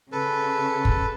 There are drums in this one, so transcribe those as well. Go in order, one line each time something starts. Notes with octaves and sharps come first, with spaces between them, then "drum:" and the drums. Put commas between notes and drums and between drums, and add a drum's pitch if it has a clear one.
C#3 A4 B4
drum: kick